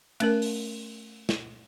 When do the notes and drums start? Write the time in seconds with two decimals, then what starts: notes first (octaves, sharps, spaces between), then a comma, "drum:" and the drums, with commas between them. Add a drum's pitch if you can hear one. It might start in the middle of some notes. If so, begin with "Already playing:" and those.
0.20 A3 C#4 A#4, drum: cymbal
0.42 drum: open hi-hat
1.29 drum: snare